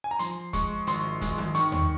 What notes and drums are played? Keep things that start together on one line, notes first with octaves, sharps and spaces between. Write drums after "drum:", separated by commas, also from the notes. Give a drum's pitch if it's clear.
G#5
A#5
F3 C6, drum: hi-hat
G#3 C#6, drum: kick, hi-hat
G#1 C6, drum: hi-hat
G#3, drum: kick, hi-hat
drum: tom
D#3 C#6, drum: hi-hat
drum: tom D#2